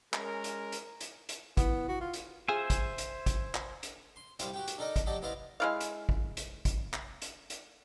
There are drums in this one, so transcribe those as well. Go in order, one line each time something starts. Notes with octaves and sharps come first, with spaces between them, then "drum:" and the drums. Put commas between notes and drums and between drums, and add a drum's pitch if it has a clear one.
G#3 C#4 A#4, drum: clap
drum: hi-hat
drum: hi-hat
drum: hi-hat
drum: hi-hat
B3 E4, drum: kick, hi-hat
F#4
F4
drum: hi-hat
F4 G#4 C5 E5 G#5
drum: kick, hi-hat
drum: hi-hat
drum: kick, hi-hat
drum: clap
drum: hi-hat
C6
C2 C3 G3 C5 F5, drum: hi-hat
F#4 G4 G5
drum: hi-hat
D4 D#4 A4 A#4 D5 D#5
drum: kick, hi-hat
F#3 G4 A4 D5 D#5
B3 E4 C5 D5 D#5 F5
G#3 E4 F5
drum: hi-hat
drum: kick
drum: hi-hat
drum: kick, hi-hat
drum: clap
drum: hi-hat
drum: hi-hat